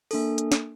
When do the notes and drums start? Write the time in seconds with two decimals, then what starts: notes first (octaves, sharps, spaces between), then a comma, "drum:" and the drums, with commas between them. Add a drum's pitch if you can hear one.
0.11 A#3 D4 A4, drum: open hi-hat
0.38 drum: hi-hat
0.52 drum: snare